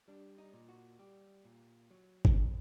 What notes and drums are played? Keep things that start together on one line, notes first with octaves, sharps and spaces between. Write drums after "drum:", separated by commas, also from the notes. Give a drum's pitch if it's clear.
G3 D4
D#4
A#2
F#4
G3 G4
A#2
F#3
drum: kick
F#2